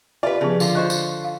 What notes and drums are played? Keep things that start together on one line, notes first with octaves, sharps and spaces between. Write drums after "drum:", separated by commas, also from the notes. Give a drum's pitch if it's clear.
F4 G4 B4 D5 E5
C#3 F3 B3 G#4
D3 F4, drum: tambourine
C5 D#5 C#6 F#6
drum: tambourine
F5